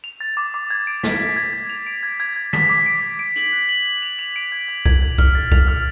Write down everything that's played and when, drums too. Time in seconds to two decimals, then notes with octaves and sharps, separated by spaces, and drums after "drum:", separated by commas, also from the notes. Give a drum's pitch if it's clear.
0.04 F7
0.21 A6
0.37 D6
0.54 D6
0.70 G#6
0.87 D7
1.03 B6, drum: snare
1.20 B6
1.36 G#6
1.53 G#6
1.70 F7
1.86 D7
2.03 G#6
2.20 G#6
2.36 G#6
2.53 B6, drum: tom
2.69 D6
2.86 D7
3.02 G#6
3.19 D7
3.36 F#7, drum: hi-hat
3.52 F#6
3.69 F#7
3.86 F#7
4.02 F7
4.19 F7
4.36 D7
4.52 G#6
4.68 G#6
4.86 G#6, drum: kick C2
5.02 G#6
5.18 F6, drum: kick C2
5.35 A6
5.52 F7, drum: kick C2
5.68 F6